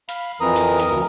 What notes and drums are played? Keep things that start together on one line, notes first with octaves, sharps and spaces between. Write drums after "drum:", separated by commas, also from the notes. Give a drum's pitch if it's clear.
F5 B5, drum: hi-hat
F2 E3 A#4 A#5 D#6
drum: hi-hat
drum: hi-hat
D2 A#4